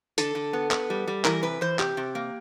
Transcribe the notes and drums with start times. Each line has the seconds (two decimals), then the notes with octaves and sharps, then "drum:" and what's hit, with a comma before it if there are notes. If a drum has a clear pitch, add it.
0.18 D3 A4, drum: hi-hat
0.35 D3
0.53 B3
0.71 B3, drum: clap
0.90 G3
1.08 G3
1.25 E3 A#4, drum: clap
1.43 C3 B4
1.61 E3 C5
1.79 C3 G4, drum: clap
1.97 C3
2.15 A#3